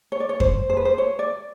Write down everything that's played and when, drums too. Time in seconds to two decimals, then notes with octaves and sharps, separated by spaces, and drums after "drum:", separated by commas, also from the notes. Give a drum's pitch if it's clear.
0.12 C#5
0.20 D5
0.29 C#5
0.40 C5, drum: kick F2
0.70 C5
0.77 B4
0.85 C5
0.98 C#5
1.19 D5